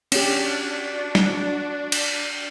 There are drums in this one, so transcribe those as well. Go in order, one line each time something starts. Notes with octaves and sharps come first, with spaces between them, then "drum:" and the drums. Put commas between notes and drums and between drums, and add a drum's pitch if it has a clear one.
C#4 D4 F#4 G4, drum: cymbal
drum: snare
drum: cymbal